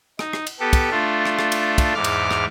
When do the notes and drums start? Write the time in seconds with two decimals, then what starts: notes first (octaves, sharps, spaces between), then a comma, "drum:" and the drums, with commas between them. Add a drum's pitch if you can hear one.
0.19 D#4, drum: rim click
0.33 drum: rim click
0.47 drum: cymbal
0.60 B3 G4 A4
0.73 drum: kick, cymbal
0.90 A3 D4 F4
1.25 drum: rim click
1.39 drum: rim click
1.52 drum: cymbal
1.78 drum: kick, cymbal
1.95 E2 G#2 D6 F6
2.04 drum: cymbal
2.31 drum: rim click